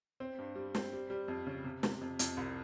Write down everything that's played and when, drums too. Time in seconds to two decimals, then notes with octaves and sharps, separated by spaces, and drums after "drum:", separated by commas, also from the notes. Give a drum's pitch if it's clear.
0.20 C4
0.38 G2
0.55 G3
0.75 C4, drum: snare
0.93 G3
1.10 G3
1.28 F2
1.47 C#3
1.64 C3
1.83 C3, drum: snare
2.01 F2
2.19 F2, drum: hi-hat
2.37 C2